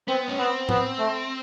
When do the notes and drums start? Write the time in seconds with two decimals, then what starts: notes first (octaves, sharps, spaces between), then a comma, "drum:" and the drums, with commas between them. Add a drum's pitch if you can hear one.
0.08 B3 C4
0.28 C#4
0.39 B3 C4
0.69 B3, drum: tom A2
0.99 A3